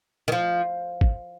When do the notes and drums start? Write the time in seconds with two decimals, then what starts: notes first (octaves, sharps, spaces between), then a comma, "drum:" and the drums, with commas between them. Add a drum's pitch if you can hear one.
0.28 D#3
0.32 F3
1.01 drum: kick